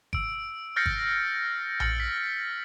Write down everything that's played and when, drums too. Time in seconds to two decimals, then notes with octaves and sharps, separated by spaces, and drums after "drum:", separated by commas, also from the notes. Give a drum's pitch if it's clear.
0.13 E6 D7, drum: kick
0.76 F6 G6 A6 A#6 C7 C#7
0.86 drum: kick
1.80 F6 A6 C#7 F#7, drum: tom A#1
2.00 B6